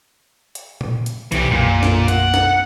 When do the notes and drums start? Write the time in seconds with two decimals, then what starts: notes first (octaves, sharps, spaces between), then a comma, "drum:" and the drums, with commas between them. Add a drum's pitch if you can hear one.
0.55 drum: hi-hat
0.81 drum: tom A#2
1.06 drum: hi-hat
1.32 B1 E3 G4, drum: hi-hat
1.51 B1 F#2 A#2
1.83 drum: snare
2.08 F#5, drum: hi-hat
2.34 drum: snare